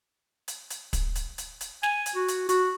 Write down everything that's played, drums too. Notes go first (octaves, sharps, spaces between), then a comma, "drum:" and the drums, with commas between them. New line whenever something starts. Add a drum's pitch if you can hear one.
drum: hi-hat
drum: hi-hat
drum: kick, hi-hat
drum: hi-hat
drum: hi-hat
drum: hi-hat
G#5, drum: snare
drum: hi-hat
F#4
drum: hi-hat
F#4, drum: hi-hat